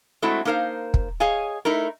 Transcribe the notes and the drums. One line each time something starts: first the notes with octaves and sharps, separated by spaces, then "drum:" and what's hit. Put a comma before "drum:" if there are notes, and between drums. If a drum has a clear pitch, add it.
G#3 A3 C4 E4 F#4
A#3 D#4 A#4 C5 F5
drum: kick
G#4 C#5 D#5 F5 G#5
A3 D#4 E4 A#4